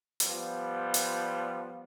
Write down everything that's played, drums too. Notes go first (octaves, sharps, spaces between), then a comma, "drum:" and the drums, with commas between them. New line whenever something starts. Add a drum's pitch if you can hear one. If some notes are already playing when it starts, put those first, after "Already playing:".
F3 G3 B3, drum: hi-hat
drum: hi-hat